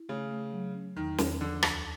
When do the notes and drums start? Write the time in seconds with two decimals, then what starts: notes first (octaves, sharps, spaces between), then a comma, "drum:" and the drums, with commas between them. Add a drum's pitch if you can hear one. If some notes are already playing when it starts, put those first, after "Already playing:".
Already playing: E4
0.09 C#3 A3
0.31 A3
0.52 F#3
0.75 C#4
0.96 E2 D#3
1.18 E2, drum: snare
1.41 D3 F3
1.63 D2, drum: rim click